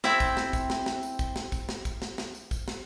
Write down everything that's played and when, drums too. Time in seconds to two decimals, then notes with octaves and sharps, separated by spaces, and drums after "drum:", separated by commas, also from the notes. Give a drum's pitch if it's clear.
0.04 C4 E4 E5 G5, drum: snare
0.20 drum: kick, tambourine
0.37 drum: snare
0.53 drum: kick, tambourine
0.70 drum: snare
0.86 drum: snare
1.03 drum: tambourine
1.19 drum: kick, tambourine
1.36 drum: snare
1.52 drum: kick, tambourine
1.69 drum: snare
1.85 drum: kick, tambourine
2.02 drum: snare
2.18 drum: snare
2.35 drum: tambourine
2.51 drum: kick, tambourine
2.68 drum: snare